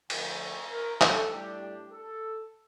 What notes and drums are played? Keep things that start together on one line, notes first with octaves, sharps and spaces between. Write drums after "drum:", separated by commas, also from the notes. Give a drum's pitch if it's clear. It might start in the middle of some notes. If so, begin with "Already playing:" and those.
D3 F3 A3 D4 G5, drum: cymbal
A#4
A4, drum: clap
A2 G3 D4 G4
G4
A4